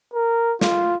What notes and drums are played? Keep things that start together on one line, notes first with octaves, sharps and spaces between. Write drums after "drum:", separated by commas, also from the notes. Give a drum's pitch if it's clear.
A#4
F4, drum: snare